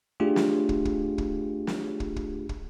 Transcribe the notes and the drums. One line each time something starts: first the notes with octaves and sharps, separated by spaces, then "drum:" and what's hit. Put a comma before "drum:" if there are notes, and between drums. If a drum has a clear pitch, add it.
A3 D4 F4 G4 G#4
drum: snare
drum: kick
drum: kick
drum: kick
drum: snare
drum: kick
drum: kick
drum: kick